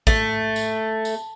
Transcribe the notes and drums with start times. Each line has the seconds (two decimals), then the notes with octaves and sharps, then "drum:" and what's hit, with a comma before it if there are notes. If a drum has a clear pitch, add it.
0.07 A3, drum: kick, tambourine
0.56 drum: tambourine
1.05 drum: tambourine